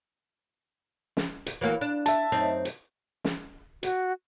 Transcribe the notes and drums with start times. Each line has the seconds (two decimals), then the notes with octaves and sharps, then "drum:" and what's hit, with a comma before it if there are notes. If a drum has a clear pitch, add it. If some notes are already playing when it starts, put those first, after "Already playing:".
1.17 drum: snare
1.46 drum: hi-hat
1.61 E3 F#3 A#3
1.81 D4
2.06 E5 A5, drum: hi-hat
2.32 F#2 C4 D#4
2.65 drum: hi-hat
3.25 drum: snare
3.83 F#4, drum: hi-hat